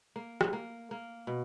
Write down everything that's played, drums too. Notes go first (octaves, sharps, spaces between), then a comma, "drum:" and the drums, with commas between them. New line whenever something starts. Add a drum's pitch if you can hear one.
A#3
drum: rim click
A#3
A#3
B2